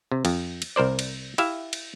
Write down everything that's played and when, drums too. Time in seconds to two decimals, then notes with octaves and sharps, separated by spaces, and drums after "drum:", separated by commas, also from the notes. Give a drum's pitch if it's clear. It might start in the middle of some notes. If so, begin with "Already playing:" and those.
0.12 C3
0.25 F2, drum: cymbal
0.62 drum: cymbal
0.76 C2 A#4 C5 D5
0.99 drum: cymbal
1.38 E4 G4 E5 F5, drum: cymbal
1.73 drum: cymbal